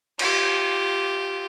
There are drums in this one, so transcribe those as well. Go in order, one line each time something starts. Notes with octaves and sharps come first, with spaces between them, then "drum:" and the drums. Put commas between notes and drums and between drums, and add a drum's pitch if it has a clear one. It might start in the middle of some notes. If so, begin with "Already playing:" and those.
F4 G4, drum: cymbal